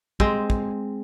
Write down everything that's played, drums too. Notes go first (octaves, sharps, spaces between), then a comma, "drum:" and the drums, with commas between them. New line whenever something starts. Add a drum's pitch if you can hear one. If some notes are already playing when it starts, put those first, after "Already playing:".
G#3 C4, drum: kick
drum: kick